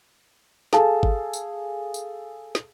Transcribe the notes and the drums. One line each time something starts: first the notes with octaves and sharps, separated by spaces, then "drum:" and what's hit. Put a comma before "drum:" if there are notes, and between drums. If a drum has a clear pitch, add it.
G#4 A4 F5 G#5 A5, drum: snare
drum: kick G#1
drum: tambourine
drum: tambourine
drum: snare